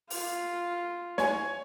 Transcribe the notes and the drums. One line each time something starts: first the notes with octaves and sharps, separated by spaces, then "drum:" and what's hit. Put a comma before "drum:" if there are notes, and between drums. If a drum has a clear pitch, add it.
F4, drum: open hi-hat
C#5 G#5, drum: snare